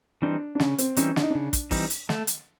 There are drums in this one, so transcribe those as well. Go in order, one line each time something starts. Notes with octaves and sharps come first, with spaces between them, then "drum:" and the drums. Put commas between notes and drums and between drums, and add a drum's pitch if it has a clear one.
E3 G3 C4 D4 D#4
D4
C#3 C#4, drum: snare
C4, drum: hi-hat
E3 G3 C4 C#4 D#4, drum: hi-hat
D4, drum: snare
D#4
C#3 D4
drum: kick, hi-hat
E3 G3 C4 D#4, drum: kick, open hi-hat
drum: hi-hat
A3, drum: snare
drum: hi-hat